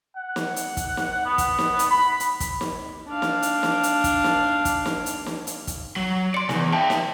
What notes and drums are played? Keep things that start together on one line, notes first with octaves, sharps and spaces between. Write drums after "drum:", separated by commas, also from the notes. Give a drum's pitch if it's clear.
F#5
drum: snare
drum: hi-hat
drum: kick, hi-hat
drum: snare
B3
drum: kick, hi-hat
drum: snare
drum: hi-hat
B5
drum: hi-hat
drum: kick, hi-hat
drum: snare
D4 F5
drum: snare
drum: hi-hat
drum: snare
drum: hi-hat
drum: kick, hi-hat
drum: snare
drum: kick, hi-hat
drum: snare
drum: hi-hat
drum: snare
drum: hi-hat
drum: kick, hi-hat
F#3
D5 C6 C#7
E2 C3 G#5, drum: snare
D#4 E5 G5 A5
drum: snare